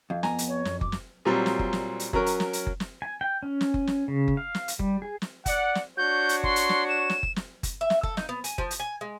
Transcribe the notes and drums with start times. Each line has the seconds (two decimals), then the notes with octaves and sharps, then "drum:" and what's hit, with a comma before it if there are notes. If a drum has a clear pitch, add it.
0.10 F2 F5
0.23 B3 G#5 A#5, drum: snare
0.38 drum: hi-hat
0.48 C#5
0.65 F#2, drum: snare
0.81 D6, drum: kick F#1
0.92 drum: snare
1.25 A#2 F#3 G3 C4
1.46 drum: snare
1.59 drum: kick F#1
1.73 drum: snare
2.00 drum: hi-hat
2.13 F#3 C#4 A#4, drum: kick F#1
2.26 drum: hi-hat
2.40 drum: snare
2.53 drum: hi-hat
2.67 drum: kick F#1
2.80 drum: snare
3.02 G#5
3.21 G5
3.43 C#4
3.61 drum: snare
3.74 drum: kick F#1
3.87 drum: snare
4.08 C#3
4.28 drum: kick F#1
4.37 F5
4.55 drum: snare
4.68 drum: hi-hat
4.79 G3, drum: kick F#1
5.02 G#4
5.22 drum: snare
5.46 D5 F#5, drum: kick F#1, hi-hat
5.75 drum: snare
5.97 D4 F#4 C#5 G6
6.29 drum: hi-hat
6.43 C6, drum: kick F#1
6.56 drum: hi-hat
6.69 drum: snare
6.89 E7
7.10 drum: snare
7.23 drum: kick F#1
7.36 drum: snare
7.63 drum: kick F#1, hi-hat
7.81 E5
7.90 drum: snare
8.03 A4, drum: kick F#1
8.17 D#4, drum: snare
8.29 B3
8.44 G#5, drum: hi-hat
8.58 F3, drum: kick F#1
8.71 drum: hi-hat
8.80 G#5
9.01 G#3